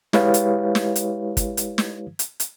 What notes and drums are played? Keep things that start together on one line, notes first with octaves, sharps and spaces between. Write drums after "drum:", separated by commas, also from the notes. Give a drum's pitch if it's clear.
G#3 E4 G4 B4 C#5 F5, drum: snare
drum: hi-hat
drum: snare
drum: hi-hat
drum: kick, hi-hat
drum: hi-hat
drum: snare
drum: hi-hat
drum: hi-hat